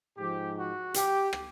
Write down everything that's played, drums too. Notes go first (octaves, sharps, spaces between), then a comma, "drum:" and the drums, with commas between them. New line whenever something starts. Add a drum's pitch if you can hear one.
G#2 F3 G4
F#4
G4, drum: hi-hat
drum: rim click